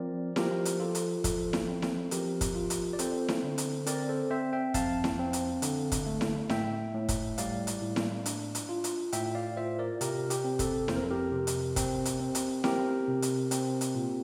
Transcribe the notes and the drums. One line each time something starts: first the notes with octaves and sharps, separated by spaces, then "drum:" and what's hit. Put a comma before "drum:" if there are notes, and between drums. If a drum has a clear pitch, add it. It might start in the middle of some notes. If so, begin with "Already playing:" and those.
Already playing: F3 C4 A#4 D5
F3 G4 A#4, drum: snare E4
drum: hi-hat
F4 A4
drum: hi-hat
F3 A4, drum: kick, hi-hat
drum: snare E4
C4
drum: snare E4
F3 G4 A#4, drum: hi-hat
drum: kick, hi-hat
F4
drum: hi-hat
D5
C4 A4 C5, drum: hi-hat
drum: snare E4
D3
drum: hi-hat
C4 A#4 D5, drum: hi-hat
A4 C5
C4 C5 E5
E5 G5
F2 F5 A5, drum: kick, hi-hat
drum: snare E4
C4
drum: hi-hat
D3, drum: hi-hat
drum: kick, hi-hat
A3
drum: snare E4
A2 E5 G5, drum: snare E4
A2
drum: kick, hi-hat
G3 D5 F5, drum: hi-hat
drum: hi-hat
A2
drum: snare E4
D4, drum: hi-hat
drum: hi-hat
F4
drum: hi-hat
A2 E5 G5, drum: hi-hat
E5
D5 F5
F4 C5 E5
A#4 D5
C3 G4 A#4, drum: hi-hat
G4, drum: hi-hat
C4
A4, drum: kick, hi-hat
F2 C5, drum: snare E4
A#4
A4
G4 A#4
C3
drum: hi-hat
C4, drum: kick, hi-hat
drum: hi-hat
C4
drum: hi-hat
C4 G4 A#4, drum: snare E4
C3
drum: hi-hat
C4, drum: hi-hat
drum: hi-hat
A#2